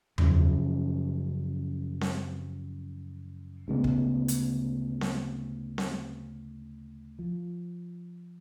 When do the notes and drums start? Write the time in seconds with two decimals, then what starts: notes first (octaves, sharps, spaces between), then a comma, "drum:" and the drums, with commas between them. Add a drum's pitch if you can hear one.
0.18 F#2 C#3 F3, drum: tom E2
2.01 drum: snare C4
3.68 D2 C#3 G#3 B3
3.84 drum: kick
4.28 drum: hi-hat
5.01 drum: snare C4
5.78 drum: snare C4
7.19 F3